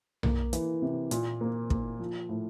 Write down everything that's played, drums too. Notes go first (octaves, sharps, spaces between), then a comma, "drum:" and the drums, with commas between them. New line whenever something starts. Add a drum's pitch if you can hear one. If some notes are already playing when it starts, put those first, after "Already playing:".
A#3, drum: tom B1
E3, drum: hi-hat
C3
A#2, drum: hi-hat
A#3
A#3, drum: kick
F3
A2